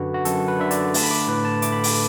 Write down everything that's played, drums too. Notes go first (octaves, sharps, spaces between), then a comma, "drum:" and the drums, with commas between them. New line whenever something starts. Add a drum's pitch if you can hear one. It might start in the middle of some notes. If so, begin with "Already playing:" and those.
Already playing: F#2 D3 F#4 B4
F#4
F#2 A4, drum: hi-hat
B4
D3 E5
D5, drum: hi-hat
A3 A5, drum: open hi-hat
B5
D6
A2 B4
A5
A3 D6, drum: hi-hat
B5
D6, drum: open hi-hat